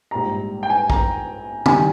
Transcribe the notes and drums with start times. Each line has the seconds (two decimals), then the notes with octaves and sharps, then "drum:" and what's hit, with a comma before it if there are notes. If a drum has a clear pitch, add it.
0.11 A#1 G#2 G3 A#5
0.63 G5
0.70 G#5
0.90 A#5, drum: kick A#1
1.66 D#3 G3 G#5, drum: tom